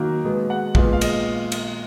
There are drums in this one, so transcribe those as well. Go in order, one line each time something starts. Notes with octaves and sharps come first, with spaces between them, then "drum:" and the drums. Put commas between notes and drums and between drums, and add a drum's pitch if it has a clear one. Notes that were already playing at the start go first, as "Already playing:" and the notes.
Already playing: D#3 F#3 A#3
B2 G#3 B3
F#5
A#2 G#3 B3 F5, drum: kick
F5
D#5, drum: cymbal
drum: cymbal